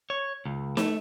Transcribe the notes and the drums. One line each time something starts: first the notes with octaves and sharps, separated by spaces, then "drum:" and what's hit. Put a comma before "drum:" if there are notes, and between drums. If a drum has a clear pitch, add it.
C#5
C#2
A3, drum: snare